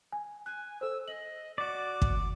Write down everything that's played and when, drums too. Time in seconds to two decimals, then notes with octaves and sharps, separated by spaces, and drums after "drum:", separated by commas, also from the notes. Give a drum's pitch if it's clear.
0.12 G#5
0.46 G#5 F#6
0.81 A4 C5 E6
1.08 D#5 F#7
1.58 F#4 D5 D6
2.02 drum: kick